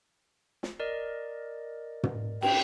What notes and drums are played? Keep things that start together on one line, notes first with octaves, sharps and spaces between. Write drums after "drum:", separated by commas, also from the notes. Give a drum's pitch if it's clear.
drum: snare
A#4 D5 D#5
drum: tom
G5, drum: cymbal